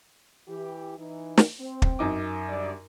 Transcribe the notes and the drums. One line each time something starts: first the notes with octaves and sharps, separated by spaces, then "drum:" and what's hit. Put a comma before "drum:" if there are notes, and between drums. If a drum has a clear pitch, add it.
E3 G4
E3 D#4
drum: snare
C4
drum: kick
F#2 D#4 D6
D3 G3 D5